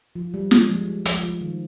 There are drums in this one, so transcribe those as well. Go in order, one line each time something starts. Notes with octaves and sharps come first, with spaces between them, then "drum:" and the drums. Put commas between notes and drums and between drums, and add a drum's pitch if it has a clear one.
F3
G3
G#3, drum: snare
F3
F3
F3, drum: hi-hat
F3
D#3